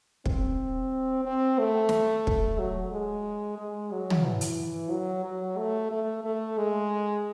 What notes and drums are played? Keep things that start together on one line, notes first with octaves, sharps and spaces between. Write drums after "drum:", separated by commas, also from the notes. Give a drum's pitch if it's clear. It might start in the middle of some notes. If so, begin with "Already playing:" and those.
C4, drum: kick
C4
A3
drum: snare
drum: kick
F#3
G#3
G#3
F#3
drum: tom
E3
drum: hi-hat
F#3
F#3
A3
A3
A3
G#3